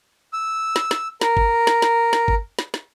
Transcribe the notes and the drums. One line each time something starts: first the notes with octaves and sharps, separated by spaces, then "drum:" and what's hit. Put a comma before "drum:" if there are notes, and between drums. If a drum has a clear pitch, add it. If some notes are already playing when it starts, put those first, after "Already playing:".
E6
drum: snare
drum: snare
A#4, drum: snare
drum: kick G1
drum: snare
drum: snare
drum: snare
drum: kick G1
drum: snare
drum: snare